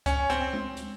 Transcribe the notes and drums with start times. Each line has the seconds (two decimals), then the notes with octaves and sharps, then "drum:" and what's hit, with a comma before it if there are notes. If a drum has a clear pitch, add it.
0.06 C#4, drum: kick C#2, hi-hat
0.30 C4, drum: hi-hat
0.53 drum: tom G#3
0.77 drum: hi-hat